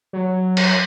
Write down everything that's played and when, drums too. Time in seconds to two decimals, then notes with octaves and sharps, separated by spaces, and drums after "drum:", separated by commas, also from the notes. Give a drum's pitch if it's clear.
0.13 F#3
0.57 drum: cymbal